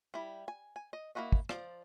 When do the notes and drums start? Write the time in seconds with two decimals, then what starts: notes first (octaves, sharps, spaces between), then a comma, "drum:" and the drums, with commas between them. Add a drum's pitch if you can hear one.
0.14 G3 E4
0.48 G#5
0.76 G#5
0.93 D#5
1.15 A#3 C#4 E4 F#4 D#5
1.32 drum: kick
1.49 F3 C5 D5, drum: rim click